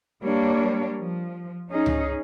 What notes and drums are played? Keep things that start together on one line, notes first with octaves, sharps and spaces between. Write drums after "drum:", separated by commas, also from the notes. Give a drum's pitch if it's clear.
G3 A#3 D4 C#5
F3
C#4 D#4 G#4
drum: tom C#2